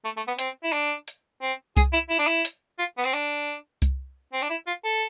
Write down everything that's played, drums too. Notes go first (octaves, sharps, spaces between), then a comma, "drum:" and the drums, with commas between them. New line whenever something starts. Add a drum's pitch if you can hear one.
A3
A3
B3
C4, drum: hi-hat
E4
D4
drum: hi-hat
C4
G#4, drum: kick C2, hi-hat
E4
E4
D4
E4
drum: hi-hat
F4
B3
C4
D4, drum: hi-hat
drum: kick C2, hi-hat
C4
D4
E4
F4
A4